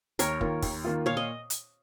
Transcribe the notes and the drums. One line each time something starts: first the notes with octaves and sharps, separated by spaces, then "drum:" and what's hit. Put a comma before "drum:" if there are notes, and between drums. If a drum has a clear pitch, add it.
D#2 A#4 C#5, drum: hi-hat
D#3 A#3 F4, drum: kick
D#2, drum: kick, open hi-hat
D#3 A#3 F4
A#2 C#5 F5
D#5
drum: hi-hat